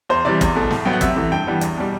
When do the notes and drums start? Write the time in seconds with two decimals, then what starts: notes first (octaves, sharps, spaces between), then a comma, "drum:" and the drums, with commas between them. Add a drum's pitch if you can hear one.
0.09 E2 C5
0.25 C3 E3 G3 D5
0.41 E2, drum: kick, hi-hat
0.56 B2 A3
0.70 A2, drum: snare
0.85 F#3 B3 G5
0.93 F#5
1.01 C3 E5, drum: kick, hi-hat
1.16 E3 A3
1.31 G2 G5
1.47 E3 G3 B3
1.61 E2, drum: hi-hat
1.77 B2 G3